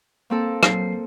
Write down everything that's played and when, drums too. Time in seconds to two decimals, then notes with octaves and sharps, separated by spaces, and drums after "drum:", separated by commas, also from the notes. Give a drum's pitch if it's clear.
0.30 A#3 C4 A4
0.63 F#3 C7, drum: rim click